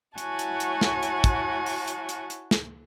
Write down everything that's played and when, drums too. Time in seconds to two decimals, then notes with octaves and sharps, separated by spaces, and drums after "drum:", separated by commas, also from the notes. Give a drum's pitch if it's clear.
0.18 E4 F#4 C#5 F#5 G#5 A5, drum: hi-hat
0.39 drum: hi-hat
0.60 drum: hi-hat
0.81 drum: snare
1.03 drum: hi-hat
1.24 drum: kick, hi-hat
1.66 drum: open hi-hat
1.88 drum: hi-hat
2.09 drum: hi-hat
2.30 drum: hi-hat
2.51 drum: snare